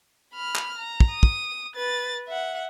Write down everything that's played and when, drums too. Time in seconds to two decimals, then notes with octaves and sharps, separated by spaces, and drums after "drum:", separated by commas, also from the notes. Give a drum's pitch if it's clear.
0.34 B5 F6
0.56 drum: clap
0.78 A#5
1.00 drum: kick
1.12 D#6
1.23 drum: kick
1.75 B4 A6
2.27 E5 F#5